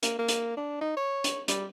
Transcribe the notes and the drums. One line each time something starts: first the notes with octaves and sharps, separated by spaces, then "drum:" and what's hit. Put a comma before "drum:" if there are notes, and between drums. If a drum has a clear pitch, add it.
A#3, drum: hi-hat
A#3
drum: hi-hat
D4
D#4
C#5
drum: hi-hat
G3, drum: hi-hat